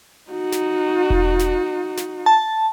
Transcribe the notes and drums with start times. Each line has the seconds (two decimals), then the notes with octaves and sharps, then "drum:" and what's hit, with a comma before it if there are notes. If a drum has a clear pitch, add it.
0.31 D#4 F#4
0.52 drum: snare
1.10 drum: kick E1
1.39 drum: snare
1.97 drum: snare
2.26 A5